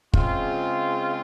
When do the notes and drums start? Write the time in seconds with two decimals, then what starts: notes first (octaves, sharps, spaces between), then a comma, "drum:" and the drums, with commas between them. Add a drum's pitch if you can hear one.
0.14 C#3 G#3 C4 F4, drum: kick